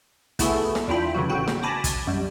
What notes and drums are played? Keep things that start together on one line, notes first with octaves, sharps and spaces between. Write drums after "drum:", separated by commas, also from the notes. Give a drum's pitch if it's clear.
A3 B3 E4 F#4 G#4 A4, drum: kick, hi-hat
drum: snare
E2 D4 E4 F4 G5 B5
C#3 E3 F#3 F#4
A1 C#3 F#3 F#4 G5
drum: snare
G#5 A5 B5 D6 A#6
drum: kick, hi-hat
F#2 G3